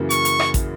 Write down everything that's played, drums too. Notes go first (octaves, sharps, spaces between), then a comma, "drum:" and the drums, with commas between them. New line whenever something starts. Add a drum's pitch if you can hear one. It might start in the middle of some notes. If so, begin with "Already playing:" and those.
Already playing: F#2 C#3 E3 A#3
C#6, drum: hi-hat
drum: hi-hat
drum: rim click
drum: kick, hi-hat